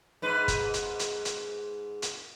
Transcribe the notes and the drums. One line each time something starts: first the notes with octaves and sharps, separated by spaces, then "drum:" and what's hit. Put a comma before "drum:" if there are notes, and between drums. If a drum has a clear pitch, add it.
G#2 B4
drum: kick, hi-hat
drum: hi-hat
drum: hi-hat
drum: hi-hat
drum: hi-hat